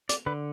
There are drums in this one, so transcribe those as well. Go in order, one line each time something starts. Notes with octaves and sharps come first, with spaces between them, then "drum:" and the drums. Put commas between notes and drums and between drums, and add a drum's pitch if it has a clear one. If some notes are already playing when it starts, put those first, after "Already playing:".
D5, drum: hi-hat
D3 B4